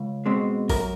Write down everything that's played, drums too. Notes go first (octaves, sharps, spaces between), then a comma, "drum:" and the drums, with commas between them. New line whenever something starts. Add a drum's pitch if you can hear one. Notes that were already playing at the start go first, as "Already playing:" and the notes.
Already playing: C#2
B2 G#3 C4
F#2 A#4, drum: kick, open hi-hat